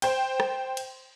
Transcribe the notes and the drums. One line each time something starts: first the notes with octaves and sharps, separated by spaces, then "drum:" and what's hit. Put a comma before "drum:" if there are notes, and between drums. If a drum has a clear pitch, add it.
C5 G5, drum: cymbal
drum: rim click
drum: cymbal